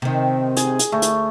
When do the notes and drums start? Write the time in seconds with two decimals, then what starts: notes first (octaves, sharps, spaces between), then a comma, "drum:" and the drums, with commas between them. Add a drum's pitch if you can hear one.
0.02 C3 D#3
0.57 G#4, drum: hi-hat
0.79 drum: hi-hat
0.92 D2 A3
1.02 drum: hi-hat